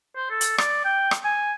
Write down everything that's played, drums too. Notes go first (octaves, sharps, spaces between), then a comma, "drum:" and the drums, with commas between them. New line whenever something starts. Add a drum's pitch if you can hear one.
C5
A4
drum: hi-hat
D5, drum: rim click
G5
drum: rim click
G#5